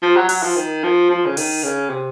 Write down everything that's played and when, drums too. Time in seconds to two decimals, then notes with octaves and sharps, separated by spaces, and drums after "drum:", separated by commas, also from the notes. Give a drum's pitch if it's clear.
0.02 F3
0.16 F#3
0.29 F#3, drum: open hi-hat
0.43 F3
0.56 D#3
0.83 F3
1.10 F3
1.25 C#3
1.37 D#3, drum: open hi-hat
1.63 C#3
1.90 C3